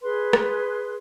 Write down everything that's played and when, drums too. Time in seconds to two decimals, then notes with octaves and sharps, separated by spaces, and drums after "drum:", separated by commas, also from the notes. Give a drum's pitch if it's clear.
0.03 G#4 B4 C6
0.33 drum: rim click